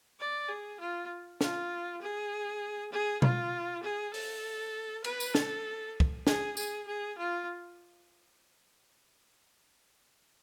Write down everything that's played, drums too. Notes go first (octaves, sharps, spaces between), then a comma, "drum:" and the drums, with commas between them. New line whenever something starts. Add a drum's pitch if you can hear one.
D5
G#4
F4
F4, drum: snare
G#4
G#4
F4, drum: tom B2
G#4
A4, drum: open hi-hat
B4, drum: cymbal
drum: tambourine
A4, drum: snare
drum: kick
G#4, drum: snare
G#4, drum: tambourine
G#4
F4